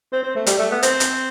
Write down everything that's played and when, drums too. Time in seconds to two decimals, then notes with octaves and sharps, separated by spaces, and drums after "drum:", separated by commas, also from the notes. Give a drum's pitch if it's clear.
0.12 C4
0.23 C4
0.35 A3
0.47 G3, drum: hi-hat
0.59 A3
0.71 B3
0.83 C4, drum: hi-hat
1.00 drum: hi-hat